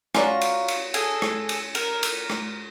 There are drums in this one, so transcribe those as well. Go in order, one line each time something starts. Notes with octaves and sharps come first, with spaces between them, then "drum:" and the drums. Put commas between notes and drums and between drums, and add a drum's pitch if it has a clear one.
C#4 F4 F#4 D5 A#5 C#6, drum: rim click
drum: cymbal
drum: cymbal
G#4 A4 G#5, drum: cymbal
drum: rim click
drum: cymbal
A#4, drum: cymbal
drum: cymbal
drum: rim click